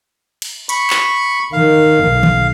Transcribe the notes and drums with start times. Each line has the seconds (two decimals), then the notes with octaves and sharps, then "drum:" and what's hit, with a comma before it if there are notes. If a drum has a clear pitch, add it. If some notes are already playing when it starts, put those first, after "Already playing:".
0.42 drum: cymbal
0.69 B5 C#6, drum: hi-hat
0.90 drum: clap
1.53 D#3 F5
2.04 B1
2.23 drum: tom D3